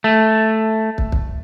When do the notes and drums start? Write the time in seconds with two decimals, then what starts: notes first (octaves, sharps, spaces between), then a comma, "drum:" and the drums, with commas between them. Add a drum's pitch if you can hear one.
0.04 A3
0.98 drum: kick
1.12 drum: kick